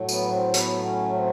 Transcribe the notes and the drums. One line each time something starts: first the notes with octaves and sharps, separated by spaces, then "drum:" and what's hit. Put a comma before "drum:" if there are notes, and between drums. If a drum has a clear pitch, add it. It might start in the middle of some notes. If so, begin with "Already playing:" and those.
Already playing: A2 F#3 A3
B3, drum: tambourine
C4
B3, drum: hi-hat
C#4
C4